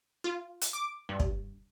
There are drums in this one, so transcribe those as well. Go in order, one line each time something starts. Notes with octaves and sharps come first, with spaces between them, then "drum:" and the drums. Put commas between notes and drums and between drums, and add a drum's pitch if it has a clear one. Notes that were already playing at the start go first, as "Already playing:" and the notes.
F4
drum: hi-hat
D6
G2
drum: kick